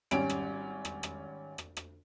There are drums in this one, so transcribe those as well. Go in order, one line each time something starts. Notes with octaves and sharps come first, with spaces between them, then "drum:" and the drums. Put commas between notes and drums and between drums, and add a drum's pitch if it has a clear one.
G#1 G3 C#4 D7, drum: rim click
drum: rim click
drum: rim click
drum: rim click
drum: rim click
drum: rim click